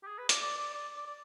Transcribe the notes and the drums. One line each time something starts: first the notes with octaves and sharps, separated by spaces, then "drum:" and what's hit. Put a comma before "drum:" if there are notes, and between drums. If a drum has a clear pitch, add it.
G4
G#4
B4
D5, drum: hi-hat
D5
D5
D5
D5
D5